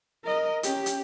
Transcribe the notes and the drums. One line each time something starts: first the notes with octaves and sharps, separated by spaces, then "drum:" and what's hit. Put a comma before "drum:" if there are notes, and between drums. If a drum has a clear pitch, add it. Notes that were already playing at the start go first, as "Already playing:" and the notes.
A#4 D#5
C#4 G4, drum: hi-hat
drum: hi-hat